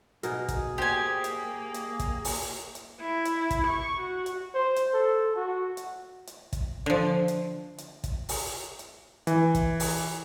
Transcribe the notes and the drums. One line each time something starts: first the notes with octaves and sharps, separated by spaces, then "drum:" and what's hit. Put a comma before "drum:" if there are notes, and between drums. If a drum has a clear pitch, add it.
B2 D#4 G#4 A#4, drum: hi-hat
drum: kick, hi-hat
A#3 F#4 G4 C5 D5 G#5
drum: hi-hat
drum: hi-hat
drum: kick, hi-hat
drum: open hi-hat
drum: hi-hat
E4
drum: hi-hat
drum: kick, hi-hat
C#6
F#4
drum: hi-hat
C5
drum: hi-hat
A4
F#4
drum: hi-hat
drum: hi-hat
drum: kick, hi-hat
D3 F3
drum: hi-hat
drum: hi-hat
drum: kick, hi-hat
drum: open hi-hat
drum: hi-hat
E3, drum: hi-hat
drum: kick, hi-hat
drum: open hi-hat